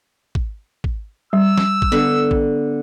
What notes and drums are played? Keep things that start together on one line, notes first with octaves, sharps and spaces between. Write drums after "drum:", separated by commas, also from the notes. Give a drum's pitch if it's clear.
drum: kick
drum: kick
G3 E6
drum: snare
drum: kick
D3 B3
drum: kick